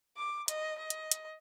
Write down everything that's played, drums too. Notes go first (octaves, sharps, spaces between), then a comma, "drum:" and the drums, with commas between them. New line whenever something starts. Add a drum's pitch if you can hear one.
D6
D#5, drum: hi-hat
D#5
drum: hi-hat
drum: hi-hat